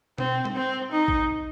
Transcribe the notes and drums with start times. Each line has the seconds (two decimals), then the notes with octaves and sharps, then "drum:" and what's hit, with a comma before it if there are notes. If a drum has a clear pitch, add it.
0.18 C4, drum: tom B2
0.45 drum: tom G3
0.56 C4
0.92 D#4
1.08 drum: kick